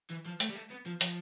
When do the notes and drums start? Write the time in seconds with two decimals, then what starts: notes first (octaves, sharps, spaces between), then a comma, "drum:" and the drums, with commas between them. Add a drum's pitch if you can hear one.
0.10 E3
0.25 F3
0.40 A3, drum: hi-hat
0.49 G3
0.55 A3
0.70 B3
0.86 F3
1.01 F3, drum: hi-hat